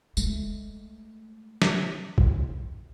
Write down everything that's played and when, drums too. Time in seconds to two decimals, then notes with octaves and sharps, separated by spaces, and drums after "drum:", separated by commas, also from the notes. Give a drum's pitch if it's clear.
0.17 G#3 A3, drum: tambourine
1.62 drum: snare
2.18 drum: kick